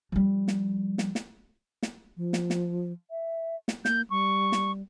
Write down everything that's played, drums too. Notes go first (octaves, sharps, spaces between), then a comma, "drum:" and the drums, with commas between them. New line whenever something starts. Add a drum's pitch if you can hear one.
F3 G3
drum: snare
drum: snare
drum: snare
drum: snare
F3
drum: snare
drum: snare
E5
drum: snare
A#3 G6, drum: snare
G3 C#6
drum: snare